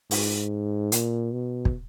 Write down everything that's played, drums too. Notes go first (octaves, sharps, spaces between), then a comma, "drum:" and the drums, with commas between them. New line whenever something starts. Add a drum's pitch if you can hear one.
G#2, drum: open hi-hat
A#2, drum: hi-hat
B2
drum: kick